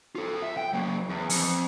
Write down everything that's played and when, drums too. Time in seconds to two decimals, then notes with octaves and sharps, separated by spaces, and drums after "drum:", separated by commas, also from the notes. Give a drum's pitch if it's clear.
0.15 F4 A4
0.42 E2 E5
0.57 G5
0.73 F#3 A#3
1.09 E2
1.30 F2, drum: open hi-hat